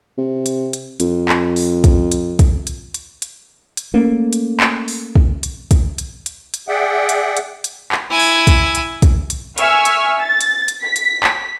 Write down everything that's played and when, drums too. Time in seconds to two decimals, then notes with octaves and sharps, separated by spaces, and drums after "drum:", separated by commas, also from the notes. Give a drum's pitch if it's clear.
0.18 C3
0.46 drum: hi-hat
0.73 drum: hi-hat
1.00 F2, drum: hi-hat
1.29 drum: clap
1.56 drum: open hi-hat
1.84 drum: kick, hi-hat
2.12 drum: hi-hat
2.39 drum: kick, hi-hat
2.67 drum: hi-hat
2.94 drum: hi-hat
3.22 drum: hi-hat
3.77 drum: hi-hat
3.94 A3 A#3 C#4
4.33 drum: hi-hat
4.60 drum: clap
4.88 drum: open hi-hat
5.16 drum: kick
5.43 drum: hi-hat
5.71 drum: kick, hi-hat
5.98 drum: hi-hat
6.26 drum: hi-hat
6.54 drum: hi-hat
6.68 G#4 D5 E5 F#5 G5
7.09 drum: hi-hat
7.37 drum: hi-hat
7.64 drum: hi-hat
7.92 drum: clap
8.10 E4 G#5
8.19 drum: open hi-hat
8.47 drum: kick, hi-hat
8.75 drum: hi-hat
9.02 drum: kick, hi-hat
9.30 drum: hi-hat
9.58 E5 G#5 C#6 E6 F6, drum: hi-hat
9.85 drum: hi-hat
10.20 A6
10.41 drum: hi-hat
10.68 drum: hi-hat
10.82 B6
10.96 drum: hi-hat
11.23 drum: clap